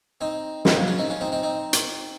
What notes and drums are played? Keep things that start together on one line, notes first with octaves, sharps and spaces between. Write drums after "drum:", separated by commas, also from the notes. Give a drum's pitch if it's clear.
C4 D#4
C4 D#4, drum: snare
F#3 A#3
C#4 F4
C4 D#4
C#4 F4
C4 D#4
C4 D#4
C4 D#4
drum: hi-hat